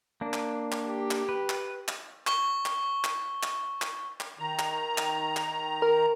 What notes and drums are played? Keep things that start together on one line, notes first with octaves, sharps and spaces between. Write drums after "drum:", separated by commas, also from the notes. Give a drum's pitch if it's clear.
A#3 D4
drum: clap
drum: clap
G4
drum: clap
B4
drum: clap
drum: clap
C#6 G7, drum: clap
drum: clap
drum: clap
drum: clap
drum: clap
drum: clap
D#3 A#5
drum: clap
drum: clap
drum: clap
A#4